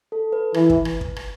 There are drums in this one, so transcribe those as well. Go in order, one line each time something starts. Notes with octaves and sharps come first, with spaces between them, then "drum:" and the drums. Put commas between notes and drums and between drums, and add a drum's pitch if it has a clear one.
A4
B4
E3, drum: rim click
drum: kick
drum: rim click
drum: kick
drum: rim click